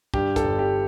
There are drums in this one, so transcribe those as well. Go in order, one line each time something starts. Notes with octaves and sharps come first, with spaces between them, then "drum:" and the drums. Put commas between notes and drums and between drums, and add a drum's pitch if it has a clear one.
G2 G4, drum: kick
A4, drum: kick, hi-hat
G1
G4